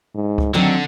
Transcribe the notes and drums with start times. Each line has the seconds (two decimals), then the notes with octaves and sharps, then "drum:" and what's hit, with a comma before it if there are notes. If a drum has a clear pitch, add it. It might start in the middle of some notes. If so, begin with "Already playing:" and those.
0.15 G#2
0.38 drum: kick C#2
0.54 D3 D#3 F#3 C4 D4